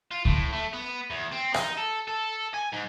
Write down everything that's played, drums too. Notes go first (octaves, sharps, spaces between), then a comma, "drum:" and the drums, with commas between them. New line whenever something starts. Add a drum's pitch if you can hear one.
F4
A2, drum: kick C#2
A3
B3
E2
C4
D#4, drum: rim click
A4
A4
G#5
G#2